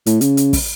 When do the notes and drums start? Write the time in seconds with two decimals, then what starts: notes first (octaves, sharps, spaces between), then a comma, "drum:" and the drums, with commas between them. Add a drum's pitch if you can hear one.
0.06 A2, drum: hi-hat
0.21 C#3, drum: hi-hat
0.37 drum: hi-hat
0.53 drum: kick, open hi-hat